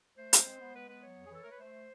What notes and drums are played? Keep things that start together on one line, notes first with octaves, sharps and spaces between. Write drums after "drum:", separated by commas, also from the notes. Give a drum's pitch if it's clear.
A3 C5
C4, drum: hi-hat
G#3
B3
G#3 B4
B3 B4
F#3 C#5
F2
G#4
E3 A4
A3 A#4
B4
A3 C5